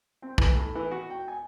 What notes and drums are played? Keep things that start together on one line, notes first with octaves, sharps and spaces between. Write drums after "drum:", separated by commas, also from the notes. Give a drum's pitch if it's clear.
C4
E3, drum: kick
A2
E3
F#4
G5
G#5